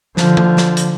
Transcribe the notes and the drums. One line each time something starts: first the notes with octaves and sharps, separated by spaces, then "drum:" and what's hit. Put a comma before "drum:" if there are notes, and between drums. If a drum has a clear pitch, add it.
D3 F3, drum: snare
drum: tom D3
drum: snare
drum: hi-hat